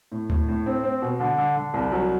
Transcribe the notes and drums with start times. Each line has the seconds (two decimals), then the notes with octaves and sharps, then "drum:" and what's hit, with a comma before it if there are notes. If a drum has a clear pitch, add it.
0.12 A2
0.30 A2, drum: tom D2
0.48 A2
0.66 C4
0.83 C4
1.02 B2
1.20 D3
1.38 D3
1.56 D3
1.74 C2
1.92 F#3